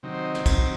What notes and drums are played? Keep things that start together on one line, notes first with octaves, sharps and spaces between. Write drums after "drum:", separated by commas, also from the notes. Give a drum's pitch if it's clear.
C3 D#3 F#3 C4 D#4
C5
D#5
C5, drum: snare
C5, drum: kick, cymbal